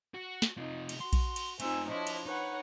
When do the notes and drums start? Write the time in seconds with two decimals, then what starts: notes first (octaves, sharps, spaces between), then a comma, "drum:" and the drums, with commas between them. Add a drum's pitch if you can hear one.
0.14 F#4
0.42 drum: snare
0.57 C3 D#4 F4
0.89 drum: cymbal
1.01 F#4 C6
1.13 drum: kick A#1, cymbal
1.36 drum: cymbal
1.60 A3 C4 D#4 F4 G#5 E6, drum: cymbal
1.89 F3 D4 E4 C#5 D#5
2.07 drum: cymbal
2.26 D#4 B4 C#5 F#5